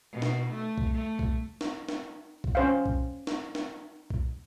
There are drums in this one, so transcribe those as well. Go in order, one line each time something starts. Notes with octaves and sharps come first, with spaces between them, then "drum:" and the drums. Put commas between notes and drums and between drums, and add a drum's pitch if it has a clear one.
B2
drum: snare
A3
drum: kick B1
A3
drum: kick B1
drum: snare
drum: snare
drum: kick B1
C#4 C5 F5
drum: kick B1
drum: snare
drum: snare
drum: kick B1